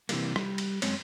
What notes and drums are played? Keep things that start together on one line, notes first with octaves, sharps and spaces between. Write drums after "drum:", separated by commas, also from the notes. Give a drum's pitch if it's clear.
C3 E3 G3 A#3, drum: cymbal
G3, drum: rim click
drum: cymbal
F#2 C3 G#3 C4 C#5, drum: cymbal